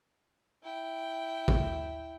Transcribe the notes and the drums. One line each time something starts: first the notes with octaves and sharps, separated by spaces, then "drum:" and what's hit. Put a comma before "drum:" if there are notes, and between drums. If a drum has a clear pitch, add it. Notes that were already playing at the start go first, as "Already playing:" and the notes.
E4 G5
drum: kick